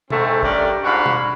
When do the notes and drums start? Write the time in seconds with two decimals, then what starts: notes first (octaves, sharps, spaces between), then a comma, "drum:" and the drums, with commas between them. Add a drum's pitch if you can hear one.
0.10 G#2 A3 C4, drum: tom B2
0.43 G2 G3 A3 C#4 A#4 D5, drum: kick
0.84 G#2 D4 F4 F#4 F5 B5
1.06 drum: tom B2